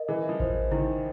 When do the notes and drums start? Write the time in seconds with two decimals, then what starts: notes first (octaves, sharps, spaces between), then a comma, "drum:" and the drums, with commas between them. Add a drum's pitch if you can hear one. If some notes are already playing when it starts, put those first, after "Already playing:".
Already playing: A#4 D#5
0.09 E3 E4
0.29 F3
0.40 C5, drum: kick A1
0.71 D#3 E4, drum: tom C3